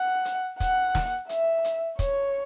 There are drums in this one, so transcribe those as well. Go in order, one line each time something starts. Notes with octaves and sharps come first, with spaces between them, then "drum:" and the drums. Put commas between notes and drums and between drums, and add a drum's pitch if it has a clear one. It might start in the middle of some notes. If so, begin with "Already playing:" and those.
Already playing: F#5
drum: hi-hat
F#5, drum: kick, hi-hat
drum: snare
E5, drum: hi-hat
drum: hi-hat
C#5, drum: kick, hi-hat